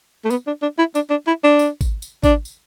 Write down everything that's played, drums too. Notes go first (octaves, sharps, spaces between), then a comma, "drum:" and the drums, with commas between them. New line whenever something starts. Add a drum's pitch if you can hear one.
A3
B3, drum: tambourine
D4
D4
E4
D4, drum: tambourine
D4
E4
D4
drum: tambourine
drum: kick G#1, tambourine
drum: tambourine
D4, drum: kick G#1, tambourine
drum: tambourine